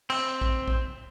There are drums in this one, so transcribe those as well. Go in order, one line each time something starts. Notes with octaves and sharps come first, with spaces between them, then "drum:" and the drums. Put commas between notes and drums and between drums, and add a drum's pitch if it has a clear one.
C4, drum: cymbal
drum: kick
drum: kick